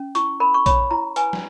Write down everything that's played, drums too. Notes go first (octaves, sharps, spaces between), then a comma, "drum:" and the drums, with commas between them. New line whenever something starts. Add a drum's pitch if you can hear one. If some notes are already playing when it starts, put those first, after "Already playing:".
Already playing: C#4
E4 C#6, drum: hi-hat
A#4 B5
C#6
C#5 B5, drum: kick, hi-hat
E4 A#5
B4 G#5, drum: hi-hat
drum: snare